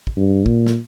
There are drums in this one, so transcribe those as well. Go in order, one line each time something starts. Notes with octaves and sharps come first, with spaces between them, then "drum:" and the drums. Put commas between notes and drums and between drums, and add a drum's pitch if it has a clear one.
drum: kick
G2
A#2, drum: kick
drum: snare